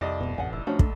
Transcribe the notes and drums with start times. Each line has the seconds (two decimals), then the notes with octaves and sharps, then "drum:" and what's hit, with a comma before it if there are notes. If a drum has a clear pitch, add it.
0.01 C2 F2 D5 D#5
0.21 D1 G#1 B2
0.38 A1 F2 F#5 G#5
0.53 F1 E4
0.67 F3 A3 C#4 D4 F#4
0.79 A4, drum: kick